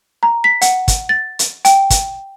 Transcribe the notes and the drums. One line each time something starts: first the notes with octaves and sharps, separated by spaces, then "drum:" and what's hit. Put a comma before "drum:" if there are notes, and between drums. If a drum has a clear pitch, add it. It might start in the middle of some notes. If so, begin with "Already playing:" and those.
A#5
B6
F#5, drum: hi-hat
drum: kick, hi-hat
A6
drum: hi-hat
G5, drum: hi-hat
drum: kick, hi-hat